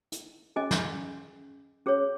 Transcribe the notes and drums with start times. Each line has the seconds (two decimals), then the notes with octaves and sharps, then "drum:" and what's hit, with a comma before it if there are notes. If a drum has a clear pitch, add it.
0.12 drum: hi-hat
0.56 C#4 G#4 D#5 G#5
0.71 drum: snare
1.86 C#4 G#4 C#5